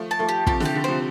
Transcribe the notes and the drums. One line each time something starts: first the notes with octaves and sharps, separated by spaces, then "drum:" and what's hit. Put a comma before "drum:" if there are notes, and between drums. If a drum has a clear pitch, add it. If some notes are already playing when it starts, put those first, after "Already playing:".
Already playing: F3 A3
A5
F3 A3
G4
C3 F3 G4, drum: kick
D3, drum: snare
G4
D3
C3 F3 C5